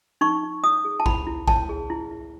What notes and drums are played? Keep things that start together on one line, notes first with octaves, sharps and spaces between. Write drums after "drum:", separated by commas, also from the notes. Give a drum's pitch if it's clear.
D#4 C#6
D#4
C#5 D#6
G#4
A5
E4 B5, drum: kick G#1
E4
C#5 A5, drum: kick G#1
G#4
E4
E4